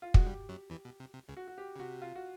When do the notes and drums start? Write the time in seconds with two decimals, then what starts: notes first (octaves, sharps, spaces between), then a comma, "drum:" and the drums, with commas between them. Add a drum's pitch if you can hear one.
0.02 F4
0.14 G#3 F#4, drum: kick
0.26 G2 G3 G4
0.49 F#2 F#3
0.70 E2 E3
0.85 B2
1.00 C3
1.14 C3
1.28 C#2 C#3
1.37 F#4
1.48 F#4
1.58 G4
1.76 C#3
1.80 C3 F#4
2.02 F4
2.15 F#4